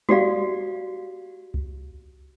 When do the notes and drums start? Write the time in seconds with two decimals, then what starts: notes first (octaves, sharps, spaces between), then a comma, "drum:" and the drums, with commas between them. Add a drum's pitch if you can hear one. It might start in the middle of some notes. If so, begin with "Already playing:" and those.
0.09 F#4 G4 D5 F5, drum: tom G3
1.54 drum: kick C#2